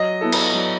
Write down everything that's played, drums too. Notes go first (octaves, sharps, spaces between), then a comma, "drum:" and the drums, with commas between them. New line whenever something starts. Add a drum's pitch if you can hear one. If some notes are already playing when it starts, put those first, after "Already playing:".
Already playing: F#3 D#5
B3 E4 A4
drum: cymbal
F#3